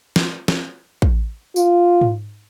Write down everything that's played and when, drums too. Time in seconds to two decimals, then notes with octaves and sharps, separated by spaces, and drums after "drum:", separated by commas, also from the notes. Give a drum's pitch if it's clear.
0.16 drum: snare
0.48 drum: snare
1.02 drum: kick
1.56 F4, drum: tambourine
2.01 drum: tom G#2